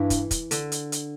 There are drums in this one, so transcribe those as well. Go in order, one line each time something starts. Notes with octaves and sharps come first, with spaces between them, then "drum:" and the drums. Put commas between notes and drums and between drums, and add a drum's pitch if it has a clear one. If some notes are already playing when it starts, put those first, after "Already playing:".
Already playing: G2 E3
drum: kick, hi-hat
drum: kick, hi-hat
D3, drum: hi-hat
drum: hi-hat
drum: hi-hat